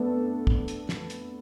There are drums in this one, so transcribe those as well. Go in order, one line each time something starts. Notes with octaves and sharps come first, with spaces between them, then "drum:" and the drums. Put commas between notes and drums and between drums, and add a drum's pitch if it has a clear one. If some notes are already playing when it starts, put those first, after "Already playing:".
Already playing: A3 B3 D4 A4
drum: kick
drum: hi-hat
drum: snare
drum: hi-hat